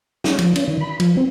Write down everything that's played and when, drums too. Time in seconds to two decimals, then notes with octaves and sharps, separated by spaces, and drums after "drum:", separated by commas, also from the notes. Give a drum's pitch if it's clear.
0.24 C#4, drum: snare
0.39 F3, drum: cymbal
0.56 C#4, drum: cymbal
0.68 D#3
0.81 B5
1.00 F3, drum: cymbal
1.17 C4